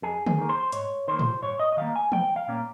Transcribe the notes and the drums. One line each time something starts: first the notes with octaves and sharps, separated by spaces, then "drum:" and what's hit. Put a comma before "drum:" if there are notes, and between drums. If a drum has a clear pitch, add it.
F2 G#4
G#4, drum: tom D3
D#3 A#3
C5
G#2 C#5, drum: hi-hat
D#3 A#3 C5
drum: tom A2
G2 C#5
D#5
D#5
D#3 G3 A#3 F5
G#5
C2 G5, drum: tom E3
F5
A#2 G3 A#3 C#4